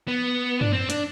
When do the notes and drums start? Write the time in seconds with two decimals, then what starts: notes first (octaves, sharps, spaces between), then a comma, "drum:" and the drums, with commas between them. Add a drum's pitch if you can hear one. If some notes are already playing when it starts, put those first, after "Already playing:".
0.08 B3
0.61 D4, drum: tom
0.73 C4
0.90 D4, drum: hi-hat